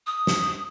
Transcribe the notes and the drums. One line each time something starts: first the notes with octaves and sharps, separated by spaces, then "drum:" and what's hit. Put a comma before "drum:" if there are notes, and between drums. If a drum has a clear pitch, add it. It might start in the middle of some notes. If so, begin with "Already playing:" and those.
D#6
drum: snare